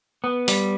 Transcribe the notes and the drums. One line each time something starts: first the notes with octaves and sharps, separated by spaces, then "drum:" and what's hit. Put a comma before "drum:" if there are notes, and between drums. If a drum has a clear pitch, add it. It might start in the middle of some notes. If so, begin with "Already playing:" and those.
B3
G3, drum: open hi-hat